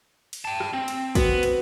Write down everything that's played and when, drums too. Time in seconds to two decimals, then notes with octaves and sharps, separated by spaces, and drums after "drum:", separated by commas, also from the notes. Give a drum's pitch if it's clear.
0.33 drum: cymbal
0.45 G5 A5
0.60 drum: rim click
0.73 C4
0.88 drum: cymbal
1.15 B3 C4 F#4 B4, drum: kick, cymbal
1.43 drum: cymbal